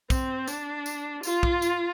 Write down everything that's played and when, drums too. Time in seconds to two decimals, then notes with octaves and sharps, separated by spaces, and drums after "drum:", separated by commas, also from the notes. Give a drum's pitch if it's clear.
0.10 C4, drum: kick, tambourine
0.48 D4, drum: tambourine
0.86 drum: tambourine
1.23 F4, drum: tambourine
1.43 drum: kick
1.62 drum: tambourine